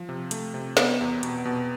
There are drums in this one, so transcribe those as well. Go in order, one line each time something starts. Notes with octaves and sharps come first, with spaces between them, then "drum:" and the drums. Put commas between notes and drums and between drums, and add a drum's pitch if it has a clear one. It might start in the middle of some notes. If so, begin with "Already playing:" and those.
Already playing: F3
C3
A3, drum: hi-hat
C3
B3, drum: snare
E2
B2, drum: hi-hat
B2